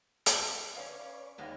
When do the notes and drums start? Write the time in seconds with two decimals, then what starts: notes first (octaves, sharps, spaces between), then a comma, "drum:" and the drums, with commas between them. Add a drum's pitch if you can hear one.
0.26 drum: hi-hat
0.76 C#4 B4 C#5 D5 F5
1.38 D#2 G#3 A#3 B3 F5